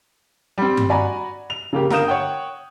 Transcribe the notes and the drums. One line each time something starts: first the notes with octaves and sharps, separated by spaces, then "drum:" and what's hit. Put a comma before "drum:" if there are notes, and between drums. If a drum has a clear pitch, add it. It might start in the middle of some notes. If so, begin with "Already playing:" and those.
G3 C4
drum: tom G2
F#4 D5 G#5 A#5 B5
F7
C#3 A#3 G4
G1 A#4 F5 D#6 G6 E7, drum: snare
C#5 F#5 G5